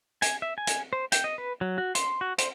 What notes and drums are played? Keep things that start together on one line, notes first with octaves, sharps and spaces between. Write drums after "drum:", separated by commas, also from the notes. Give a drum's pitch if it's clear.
G#5, drum: hi-hat
E5
G#5
drum: hi-hat
C5
G5, drum: hi-hat
D#5
B4
F#3
F#4
C6, drum: hi-hat
F#4
C5, drum: hi-hat